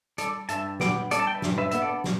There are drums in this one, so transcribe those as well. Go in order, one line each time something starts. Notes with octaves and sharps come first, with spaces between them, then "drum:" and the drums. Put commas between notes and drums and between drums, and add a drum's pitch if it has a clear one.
G3 A4 D5, drum: hi-hat
G2 E5 A5, drum: hi-hat
B3 D5 G5, drum: snare
G3 A4 D5, drum: hi-hat
A5
G5
B4 E5
G2, drum: snare
B4 E5
B3 E5, drum: hi-hat
A4 D5
G3, drum: snare